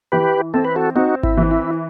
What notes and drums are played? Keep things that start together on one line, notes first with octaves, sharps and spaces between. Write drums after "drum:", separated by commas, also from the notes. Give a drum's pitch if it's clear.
E3 G4 B4
C4 A4
B4
F#4 A4
C4 D#4 F#4
E4, drum: kick G#1
E3
E4